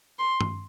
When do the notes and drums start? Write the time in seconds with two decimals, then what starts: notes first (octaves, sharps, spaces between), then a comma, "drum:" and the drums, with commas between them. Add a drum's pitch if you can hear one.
0.19 C6
0.41 drum: tom G2